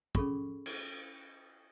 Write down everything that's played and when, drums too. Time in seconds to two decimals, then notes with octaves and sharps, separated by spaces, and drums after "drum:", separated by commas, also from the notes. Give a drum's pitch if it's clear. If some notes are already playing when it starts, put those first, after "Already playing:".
0.15 C#4 G#4 A4 B5 C#6, drum: kick
0.66 drum: cymbal